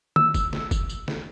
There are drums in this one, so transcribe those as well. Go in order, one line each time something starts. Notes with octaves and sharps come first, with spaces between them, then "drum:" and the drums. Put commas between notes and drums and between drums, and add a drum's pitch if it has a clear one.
E6, drum: tom
drum: kick, tambourine
drum: snare
drum: kick, tambourine
drum: tambourine
drum: snare